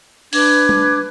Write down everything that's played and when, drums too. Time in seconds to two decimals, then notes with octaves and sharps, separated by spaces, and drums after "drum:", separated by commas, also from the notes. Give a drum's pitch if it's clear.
0.33 D4 B4 D6 G#6, drum: open hi-hat
0.69 drum: tom